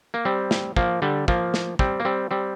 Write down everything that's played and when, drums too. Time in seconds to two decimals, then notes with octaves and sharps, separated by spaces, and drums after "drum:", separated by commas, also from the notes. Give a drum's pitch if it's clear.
0.14 A#3
0.25 G3 C4
0.51 drum: snare
0.77 F3 A#3, drum: kick
1.02 D3 G3
1.28 F3 A#3, drum: kick
1.54 drum: snare
1.79 G3 C4, drum: kick
2.00 A#3
2.05 G3 C4
2.31 G3 C4